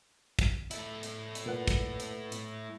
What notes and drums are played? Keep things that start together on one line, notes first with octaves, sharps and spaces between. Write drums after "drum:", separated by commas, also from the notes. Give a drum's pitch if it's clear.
drum: kick, hi-hat
A3 E4, drum: hi-hat
drum: hi-hat
drum: hi-hat
A#2 B4 F#5
drum: kick, hi-hat
drum: hi-hat
drum: hi-hat